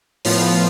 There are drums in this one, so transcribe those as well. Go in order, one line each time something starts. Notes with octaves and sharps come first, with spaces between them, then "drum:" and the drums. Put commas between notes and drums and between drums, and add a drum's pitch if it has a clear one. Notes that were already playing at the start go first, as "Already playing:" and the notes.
A2 F3 B3 F4, drum: open hi-hat